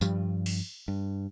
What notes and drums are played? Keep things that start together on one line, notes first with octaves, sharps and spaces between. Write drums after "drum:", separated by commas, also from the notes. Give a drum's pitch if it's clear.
G2 F3 G3, drum: tambourine
drum: open hi-hat
G2